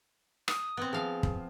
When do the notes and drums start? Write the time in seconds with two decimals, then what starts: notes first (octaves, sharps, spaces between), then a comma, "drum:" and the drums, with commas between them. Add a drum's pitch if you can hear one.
0.48 D#6, drum: rim click
0.77 B3 C4
0.93 F3 G#4 F5
1.23 drum: kick